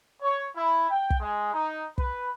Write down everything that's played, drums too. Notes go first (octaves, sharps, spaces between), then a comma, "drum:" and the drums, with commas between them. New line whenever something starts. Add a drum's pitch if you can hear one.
C#5
E4
G5
drum: kick
G#3
D#4
B4, drum: kick